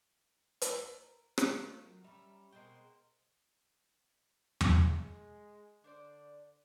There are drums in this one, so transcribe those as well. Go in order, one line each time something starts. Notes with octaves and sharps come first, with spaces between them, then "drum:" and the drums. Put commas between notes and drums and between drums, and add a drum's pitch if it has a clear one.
drum: hi-hat
A#4
D#3 A3 F4, drum: rim click
F#3
G3 C#4 E5 A#5
B2 G#3 A#4 C5 G5
drum: tom E2
G#3
D3 D4 C5 D5